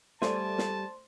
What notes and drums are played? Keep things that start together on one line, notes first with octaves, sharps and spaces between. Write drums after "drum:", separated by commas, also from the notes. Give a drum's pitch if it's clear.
G3 A3 C5 D5 G#5 A5 C6, drum: snare
drum: snare